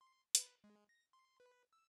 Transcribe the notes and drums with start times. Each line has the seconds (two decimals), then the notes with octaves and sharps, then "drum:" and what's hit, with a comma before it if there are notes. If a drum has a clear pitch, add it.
0.01 C6
0.35 B4, drum: hi-hat
0.64 G#3
0.89 A#6
1.13 C6
1.40 B4
1.73 E6